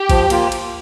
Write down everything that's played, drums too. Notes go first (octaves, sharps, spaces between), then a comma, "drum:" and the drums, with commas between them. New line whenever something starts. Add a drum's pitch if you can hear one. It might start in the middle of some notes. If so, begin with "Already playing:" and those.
Already playing: G4
F3, drum: kick A1, cymbal
A#3 F4, drum: cymbal
drum: cymbal